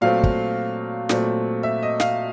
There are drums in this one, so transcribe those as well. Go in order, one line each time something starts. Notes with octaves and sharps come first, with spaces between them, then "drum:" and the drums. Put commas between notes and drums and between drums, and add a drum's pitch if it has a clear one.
A#2 F#3 A3 C4 F5
drum: kick
A#2 F#3 A3 C4, drum: snare
E5
D#5
F5, drum: snare